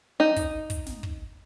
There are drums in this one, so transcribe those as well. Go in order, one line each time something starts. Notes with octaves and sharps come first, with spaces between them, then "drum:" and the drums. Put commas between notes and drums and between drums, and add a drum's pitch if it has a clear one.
D#4
drum: kick, hi-hat
drum: kick, hi-hat
drum: snare
drum: kick